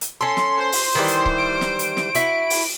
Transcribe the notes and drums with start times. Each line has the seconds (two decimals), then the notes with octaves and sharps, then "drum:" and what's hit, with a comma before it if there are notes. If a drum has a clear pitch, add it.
0.01 drum: hi-hat
0.21 C#4 A4 C6
0.37 drum: snare
0.58 C5
0.72 drum: open hi-hat
0.95 D#3 E3 G3
1.08 drum: hi-hat
1.26 drum: kick C#1
1.38 D7
1.61 drum: snare
1.79 drum: hi-hat
1.97 drum: snare
2.15 E4 F#4, drum: hi-hat
2.50 drum: open hi-hat